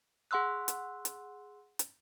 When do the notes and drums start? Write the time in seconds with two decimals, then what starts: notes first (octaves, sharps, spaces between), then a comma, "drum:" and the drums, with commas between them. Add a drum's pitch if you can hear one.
0.31 G#4 F#5 C6 E6 F#6
0.68 drum: hi-hat
1.05 drum: hi-hat
1.79 drum: hi-hat